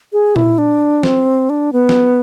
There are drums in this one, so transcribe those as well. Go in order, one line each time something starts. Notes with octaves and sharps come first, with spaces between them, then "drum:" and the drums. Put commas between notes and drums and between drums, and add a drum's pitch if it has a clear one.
G#4
E4, drum: tom A#2
D4
C4, drum: snare
D4
B3
drum: snare